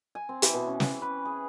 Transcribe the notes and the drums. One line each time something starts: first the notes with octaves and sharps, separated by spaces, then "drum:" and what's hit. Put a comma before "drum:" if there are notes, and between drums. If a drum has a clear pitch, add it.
G#5
C4
E3, drum: hi-hat
B2
C#4
G5, drum: snare
B4
G#4